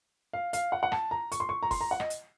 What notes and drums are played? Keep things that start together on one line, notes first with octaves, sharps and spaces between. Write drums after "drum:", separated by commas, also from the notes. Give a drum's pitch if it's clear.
F5
F5, drum: hi-hat
F#5
F#5
A5, drum: rim click
A#5
C#6, drum: hi-hat
C6
C#6
A#5
C6, drum: kick, open hi-hat
A#5
F#5
D#5, drum: rim click
drum: hi-hat